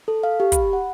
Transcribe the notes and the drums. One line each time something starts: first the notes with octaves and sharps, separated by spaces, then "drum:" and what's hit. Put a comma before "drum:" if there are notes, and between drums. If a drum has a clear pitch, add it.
A4
F5
G4
B5, drum: kick, hi-hat
F#5